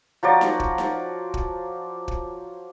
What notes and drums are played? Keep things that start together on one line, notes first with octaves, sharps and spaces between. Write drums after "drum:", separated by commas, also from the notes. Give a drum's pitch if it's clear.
F3 F#3 D5
drum: snare D#4
drum: kick
drum: snare D#4
drum: kick
drum: kick